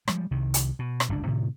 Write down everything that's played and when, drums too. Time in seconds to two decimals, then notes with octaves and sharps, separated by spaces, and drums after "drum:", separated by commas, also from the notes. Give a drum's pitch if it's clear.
0.08 F3 G3 G#3, drum: rim click
0.31 C2 C3 D#3
0.54 drum: hi-hat
0.79 B2
1.00 drum: rim click
1.09 G1 C#2 G#2 D4
1.27 A2 C3 D#3